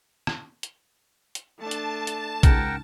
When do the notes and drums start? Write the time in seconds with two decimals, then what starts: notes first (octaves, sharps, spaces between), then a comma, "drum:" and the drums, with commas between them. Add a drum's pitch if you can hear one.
0.27 drum: rim click
0.63 drum: hi-hat
1.35 drum: hi-hat
1.59 A3 D4 A5
1.71 drum: hi-hat
2.07 drum: hi-hat
2.43 C#2 G#2 A#4 F#5 G5, drum: kick, hi-hat